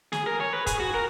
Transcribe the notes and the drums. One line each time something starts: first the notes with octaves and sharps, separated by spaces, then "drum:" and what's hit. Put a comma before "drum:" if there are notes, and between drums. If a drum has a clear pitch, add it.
G#4, drum: snare
A#4
C#5
B4
G#4, drum: kick, hi-hat
F#4
A#4